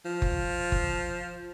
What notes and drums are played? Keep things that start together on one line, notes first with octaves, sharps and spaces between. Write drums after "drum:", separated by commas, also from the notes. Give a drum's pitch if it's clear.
F3
drum: kick F#1
drum: kick F#1